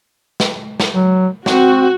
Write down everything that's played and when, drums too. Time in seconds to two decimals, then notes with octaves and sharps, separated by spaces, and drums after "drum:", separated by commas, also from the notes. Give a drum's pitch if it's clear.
0.40 drum: snare
0.80 drum: snare
0.93 F#3
1.46 C4 F#4, drum: snare